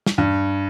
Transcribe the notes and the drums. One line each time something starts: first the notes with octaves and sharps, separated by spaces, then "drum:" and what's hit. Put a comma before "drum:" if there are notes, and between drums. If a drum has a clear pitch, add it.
drum: snare
G2